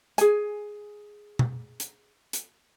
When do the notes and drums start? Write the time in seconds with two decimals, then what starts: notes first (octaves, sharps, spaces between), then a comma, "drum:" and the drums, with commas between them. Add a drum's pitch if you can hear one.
0.18 G#4 G#5, drum: hi-hat
1.39 drum: tom B2
1.80 drum: hi-hat
2.33 drum: hi-hat